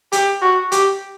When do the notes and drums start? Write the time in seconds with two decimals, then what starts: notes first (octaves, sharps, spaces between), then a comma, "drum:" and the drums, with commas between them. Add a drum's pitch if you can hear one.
0.12 G4, drum: hi-hat
0.42 F#4
0.72 G4, drum: hi-hat